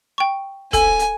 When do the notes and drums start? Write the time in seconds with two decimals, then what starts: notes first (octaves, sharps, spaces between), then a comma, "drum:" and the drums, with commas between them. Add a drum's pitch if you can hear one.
0.18 G5 C#6
0.73 A4 G#5, drum: kick, hi-hat
0.99 drum: hi-hat